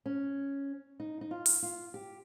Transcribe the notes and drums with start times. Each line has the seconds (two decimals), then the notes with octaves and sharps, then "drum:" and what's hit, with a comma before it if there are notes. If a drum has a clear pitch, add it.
0.06 C#4
1.00 D#4
1.21 D#4
1.31 F4
1.46 drum: open hi-hat
1.63 F4
1.94 G4